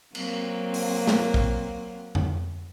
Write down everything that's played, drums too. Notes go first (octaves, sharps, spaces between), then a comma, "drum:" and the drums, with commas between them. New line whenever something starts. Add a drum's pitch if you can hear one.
F#3 A#3 C4, drum: cymbal
drum: open hi-hat
drum: snare
drum: kick A#1
drum: tom F2